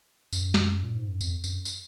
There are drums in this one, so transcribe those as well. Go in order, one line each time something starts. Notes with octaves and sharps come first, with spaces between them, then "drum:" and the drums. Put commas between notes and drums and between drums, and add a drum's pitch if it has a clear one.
F#2, drum: tambourine
drum: snare
A#2
G#2
F#2
F2, drum: tambourine
F#2, drum: tambourine
drum: tambourine